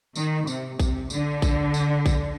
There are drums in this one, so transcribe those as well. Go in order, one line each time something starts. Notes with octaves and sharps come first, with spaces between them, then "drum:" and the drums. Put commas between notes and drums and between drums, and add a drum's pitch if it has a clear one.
D#3, drum: tambourine
C3, drum: tambourine
C3, drum: kick A#1, tambourine
D3, drum: tambourine
drum: kick A#1, tambourine
drum: tambourine
drum: kick A#1, tambourine